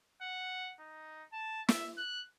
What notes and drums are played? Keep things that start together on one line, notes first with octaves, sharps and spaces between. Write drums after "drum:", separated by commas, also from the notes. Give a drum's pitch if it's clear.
F#5
D#4
A5
E5, drum: snare
F#6